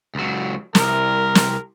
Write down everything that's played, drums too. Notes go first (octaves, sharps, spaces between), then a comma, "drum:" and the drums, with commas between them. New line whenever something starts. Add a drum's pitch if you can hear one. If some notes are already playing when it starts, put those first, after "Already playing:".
C#2 F#3
C2 A#4, drum: snare
drum: snare